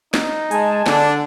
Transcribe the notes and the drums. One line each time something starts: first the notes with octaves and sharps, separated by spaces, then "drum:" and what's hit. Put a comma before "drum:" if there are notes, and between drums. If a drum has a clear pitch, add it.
D#4, drum: snare
G#3 G#5 A5, drum: hi-hat
D3 D4, drum: snare